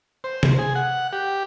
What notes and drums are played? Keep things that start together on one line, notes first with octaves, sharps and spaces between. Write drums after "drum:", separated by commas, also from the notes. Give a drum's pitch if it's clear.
C5
drum: tom C3
G#4
F#5
G4